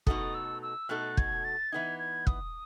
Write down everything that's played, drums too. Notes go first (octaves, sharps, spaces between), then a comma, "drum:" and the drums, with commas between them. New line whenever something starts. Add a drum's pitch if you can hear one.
B2 A3 D#4 F#4 A4 D#6, drum: kick
E6
E6
B2 A3 D#4 F#4 A4 F#6
G#6, drum: kick
A6
E3 B3 D#4 G#6
G#6
D#6, drum: kick